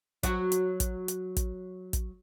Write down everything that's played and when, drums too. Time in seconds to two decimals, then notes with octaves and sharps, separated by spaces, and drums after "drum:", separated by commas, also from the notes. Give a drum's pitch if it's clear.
0.23 F#3 F#4, drum: kick, hi-hat
0.52 drum: hi-hat
0.80 drum: kick, hi-hat
1.08 drum: hi-hat
1.37 drum: kick, hi-hat
1.93 drum: kick, hi-hat